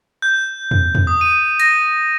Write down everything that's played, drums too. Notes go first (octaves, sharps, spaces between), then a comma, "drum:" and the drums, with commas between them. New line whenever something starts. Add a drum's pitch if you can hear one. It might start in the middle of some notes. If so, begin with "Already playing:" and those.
G6
drum: tom E2
drum: tom E2
D#6
D#7
A#6, drum: hi-hat